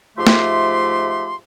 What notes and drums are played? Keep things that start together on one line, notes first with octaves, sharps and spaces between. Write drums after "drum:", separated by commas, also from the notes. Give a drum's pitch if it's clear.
G#2 F3 A3 G4 E5 C6
drum: snare